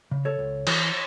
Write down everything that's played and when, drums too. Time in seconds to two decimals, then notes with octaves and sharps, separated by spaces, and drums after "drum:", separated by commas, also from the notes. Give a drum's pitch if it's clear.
0.11 C#3
0.25 A4 C#5
0.39 C#2
0.67 E3, drum: cymbal